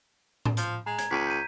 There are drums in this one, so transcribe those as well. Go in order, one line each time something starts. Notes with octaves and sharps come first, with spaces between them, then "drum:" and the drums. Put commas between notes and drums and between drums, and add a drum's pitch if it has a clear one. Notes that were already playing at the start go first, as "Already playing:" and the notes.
drum: tom A2
F3, drum: hi-hat
G#3 A#5
G#6, drum: hi-hat
C#2 B6 D#7
G6 D#7